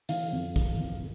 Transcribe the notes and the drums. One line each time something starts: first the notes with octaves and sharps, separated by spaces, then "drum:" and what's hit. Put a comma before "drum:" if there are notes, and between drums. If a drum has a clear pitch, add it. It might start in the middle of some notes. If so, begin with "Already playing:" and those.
E3 F5, drum: hi-hat
F2
E3, drum: kick, hi-hat
F2